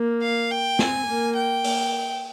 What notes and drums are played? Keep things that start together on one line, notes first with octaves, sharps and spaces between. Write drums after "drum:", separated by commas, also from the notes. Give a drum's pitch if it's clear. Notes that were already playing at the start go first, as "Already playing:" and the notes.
Already playing: A#3
F5
G5
C4 G#5, drum: snare
A#3
G5
A#3, drum: open hi-hat